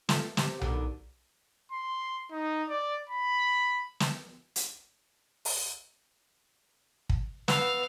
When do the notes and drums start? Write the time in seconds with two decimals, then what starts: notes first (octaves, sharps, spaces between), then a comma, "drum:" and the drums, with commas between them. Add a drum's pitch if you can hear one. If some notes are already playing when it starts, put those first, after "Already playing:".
0.09 A3 F4, drum: snare
0.37 C3, drum: snare
0.61 B2 D3 D#3, drum: tom B1
1.72 C6
2.31 D#4
2.69 D5
3.09 B5
4.00 drum: snare
4.56 drum: hi-hat
5.45 drum: open hi-hat
7.10 drum: kick
7.48 B4 F5 F#5 E6, drum: snare